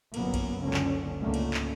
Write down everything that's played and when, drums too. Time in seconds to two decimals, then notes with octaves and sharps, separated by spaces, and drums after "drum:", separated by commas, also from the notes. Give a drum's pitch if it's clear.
0.14 G1 C2 F#2 F#3 A#3 B3, drum: cymbal
0.34 drum: kick B1, cymbal
0.62 F#1 C#2 D3 A#3 C#4
0.74 drum: clap
1.20 C#2 G#2 D3 A3 A#3 C#4
1.34 drum: cymbal
1.54 drum: clap